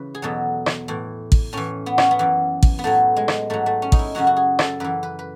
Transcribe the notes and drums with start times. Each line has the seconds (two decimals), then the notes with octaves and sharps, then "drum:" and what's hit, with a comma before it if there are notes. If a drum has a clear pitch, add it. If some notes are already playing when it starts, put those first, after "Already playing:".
Already playing: C#3 E3 B4
0.15 G#4
0.22 E2 B2 F#3 A4
0.66 drum: rim click
0.88 A2 E3
1.32 drum: kick A1
1.53 A2 E3 C#4
1.86 B3
1.98 C#4, drum: rim click
2.11 B3
2.19 F#2 E3
2.63 drum: kick A1
2.79 B3
2.84 A2 F#3 A3
3.16 G#3
3.28 drum: rim click
3.50 G#2 F#3 A3
3.66 A3
3.82 C#4
3.92 D#4, drum: kick A1
3.99 E4
4.15 F#2 C#3 F#3 F#4
4.27 F#4
4.36 G#4
4.59 A4, drum: rim click
4.80 F#2 E3 B4
5.03 B4
5.19 B4